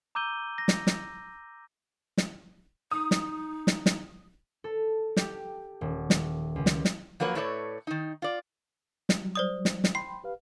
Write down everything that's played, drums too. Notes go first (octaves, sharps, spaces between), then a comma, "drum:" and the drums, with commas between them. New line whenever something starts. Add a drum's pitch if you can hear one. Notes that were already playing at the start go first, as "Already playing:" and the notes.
A#5 D6 E6 G6 D#7 G7
A#6
drum: snare
drum: snare
drum: snare
D#4 D#6
drum: snare
drum: snare
drum: snare
A4
G4, drum: snare
D#1
drum: snare
C#2
drum: snare
drum: snare
F3 F#3 A#3 B4 C#5
A2 A3 A4 B4 C#5 D5
D#3 D#4
F4 D5
drum: snare
F#3 G3
C5 D5 D#6
drum: snare
drum: snare
G5 B5 C6 C7
G4 B4 F5